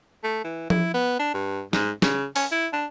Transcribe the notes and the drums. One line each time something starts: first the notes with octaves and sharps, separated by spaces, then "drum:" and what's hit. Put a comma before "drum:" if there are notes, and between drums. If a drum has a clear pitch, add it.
A3
E3
E4, drum: tom F3
B3
D4
G2
G#2, drum: snare
C#3, drum: snare
C#4, drum: open hi-hat
E4
D4